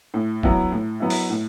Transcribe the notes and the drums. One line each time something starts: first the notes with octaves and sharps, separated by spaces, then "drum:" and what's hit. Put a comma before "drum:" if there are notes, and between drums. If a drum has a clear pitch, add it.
A2
F#3 B3 E4, drum: kick
A2
F#3 B3 E4
drum: open hi-hat
A2